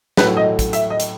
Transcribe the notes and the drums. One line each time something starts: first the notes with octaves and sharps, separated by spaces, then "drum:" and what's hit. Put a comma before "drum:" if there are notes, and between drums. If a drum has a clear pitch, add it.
A2 F#3 A3 B4, drum: snare
D#5
drum: kick, hi-hat
E5, drum: hi-hat
D#5
drum: hi-hat